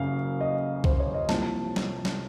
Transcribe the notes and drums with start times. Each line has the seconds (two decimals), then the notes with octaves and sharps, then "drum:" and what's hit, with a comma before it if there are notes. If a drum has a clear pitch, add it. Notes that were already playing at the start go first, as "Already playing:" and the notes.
Already playing: F#1 F#2 C#3 F5
0.41 D#5
0.84 C5, drum: kick C2
1.00 C#5
1.14 D#5
1.29 C2 C3 F3 A#3 A5, drum: snare
1.76 drum: snare
2.05 drum: snare